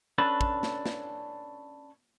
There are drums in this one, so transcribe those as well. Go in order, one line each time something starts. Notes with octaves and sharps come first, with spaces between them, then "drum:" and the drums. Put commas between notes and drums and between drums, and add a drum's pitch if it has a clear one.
C#4 D4 A4 B4
drum: kick
drum: snare
drum: snare